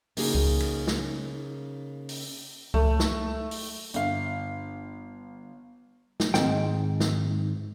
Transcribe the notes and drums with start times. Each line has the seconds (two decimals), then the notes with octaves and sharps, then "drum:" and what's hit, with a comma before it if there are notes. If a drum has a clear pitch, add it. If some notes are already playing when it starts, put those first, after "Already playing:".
0.17 C#3 A#3 D#4 F#4 G#4, drum: open hi-hat
0.35 drum: kick C#2
0.60 drum: cymbal
0.87 drum: snare
2.09 drum: open hi-hat
2.74 A3, drum: kick C#2
3.00 drum: snare
3.51 drum: open hi-hat
3.94 G1 F5, drum: hi-hat
6.20 drum: snare
6.34 G#2 D#3 C4 G5, drum: snare
7.00 drum: snare